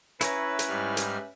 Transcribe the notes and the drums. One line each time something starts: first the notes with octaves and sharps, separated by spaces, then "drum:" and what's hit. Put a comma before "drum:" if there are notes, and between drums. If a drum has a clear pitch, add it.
C#4 E4 B4 C#5 E5 A#5, drum: hi-hat
drum: hi-hat
G#2 G3 F6
drum: hi-hat